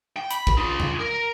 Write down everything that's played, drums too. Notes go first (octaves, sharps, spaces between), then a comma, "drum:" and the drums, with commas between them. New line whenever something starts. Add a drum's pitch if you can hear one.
G5
B5, drum: hi-hat
drum: kick
F4 G#4
drum: tom F2
A#4